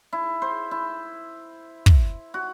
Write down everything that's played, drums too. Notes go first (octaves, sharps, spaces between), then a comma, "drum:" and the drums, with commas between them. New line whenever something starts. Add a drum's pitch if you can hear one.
E4
C5
E4
drum: kick
F#4